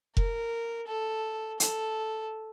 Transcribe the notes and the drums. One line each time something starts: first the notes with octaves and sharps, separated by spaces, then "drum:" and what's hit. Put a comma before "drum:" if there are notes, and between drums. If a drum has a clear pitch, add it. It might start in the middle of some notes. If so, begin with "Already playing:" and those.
A#4, drum: kick F1
A4
A4, drum: hi-hat